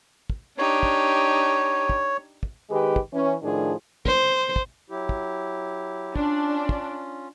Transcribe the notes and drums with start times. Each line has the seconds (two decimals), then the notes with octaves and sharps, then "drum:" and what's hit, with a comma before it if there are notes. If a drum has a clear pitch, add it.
0.30 drum: kick
0.58 D4 D#4 G4 C#5
0.83 drum: kick
1.89 drum: kick
2.43 drum: kick
2.69 D#3 G#3 G4 G#4 B4
2.96 drum: kick
3.12 E3 C#4
3.43 A2 D#3 F3 D4 G#4
4.06 C5, drum: kick
4.56 drum: kick
4.90 F#3 E4 G4
5.09 drum: kick
6.16 C#4 D4 F4, drum: kick
6.69 drum: kick